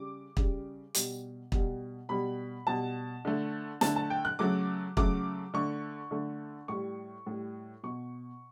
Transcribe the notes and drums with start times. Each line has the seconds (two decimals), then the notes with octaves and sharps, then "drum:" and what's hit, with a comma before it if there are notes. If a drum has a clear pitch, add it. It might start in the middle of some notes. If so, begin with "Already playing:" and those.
Already playing: C#3 G3 D6
0.37 C#3 G3, drum: kick
0.94 B2 G3, drum: hi-hat
1.52 B2 G3, drum: kick
2.09 B2 G3 B5
2.67 B2 G3 A5
3.25 D3 A3
3.81 D3 A3 A5, drum: snare
3.96 A5
4.10 G5
4.25 F#6
4.39 C#3 F#3 A3 D6
4.97 C#3 F#3 A3 D6, drum: kick
5.54 D3 A3 C#6
6.11 D3 A3
6.68 A2 G3 C#6
7.27 A2 G3
7.83 B2 C#6